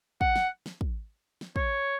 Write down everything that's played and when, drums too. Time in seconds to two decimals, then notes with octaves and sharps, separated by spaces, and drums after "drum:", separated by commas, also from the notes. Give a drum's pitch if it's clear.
0.21 F#5, drum: kick
0.36 drum: snare
0.66 drum: snare
0.81 drum: kick
1.41 drum: snare
1.56 C#5, drum: kick